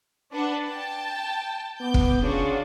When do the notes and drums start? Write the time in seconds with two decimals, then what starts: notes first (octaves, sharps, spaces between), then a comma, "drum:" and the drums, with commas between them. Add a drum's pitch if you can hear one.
0.32 D4 B4 F#5
0.65 G5 A5
1.80 B3 D6 G6
1.94 drum: kick F1
2.22 C#3 D4 F4 F#4